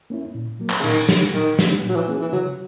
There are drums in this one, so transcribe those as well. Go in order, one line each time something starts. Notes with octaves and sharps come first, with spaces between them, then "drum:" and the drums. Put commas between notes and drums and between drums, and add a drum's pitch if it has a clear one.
A#3 C#4 E4
A#2
F#3 A#3
drum: clap
C#3
A#2 D#3, drum: cymbal
F#3 A#3, drum: snare
A#2 D#3
A#3 C#4 G#4, drum: snare
A#2
F#3
E3
A#3 C#4 G#4
E3
C#3 F#3